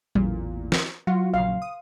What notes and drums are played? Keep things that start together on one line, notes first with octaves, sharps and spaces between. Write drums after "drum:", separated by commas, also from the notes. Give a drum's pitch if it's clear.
A1 E2 A#2, drum: tom F#3
drum: snare
F#3 F4 F#4
A#1 C#3 F5
D#6